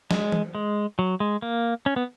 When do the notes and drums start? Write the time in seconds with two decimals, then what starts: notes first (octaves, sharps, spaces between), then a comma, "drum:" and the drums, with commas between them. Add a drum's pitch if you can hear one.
0.11 G#3, drum: snare
0.32 drum: tom E3
0.55 G#3
0.99 F#3
1.20 G#3
1.42 A#3
1.86 C#4
1.96 B3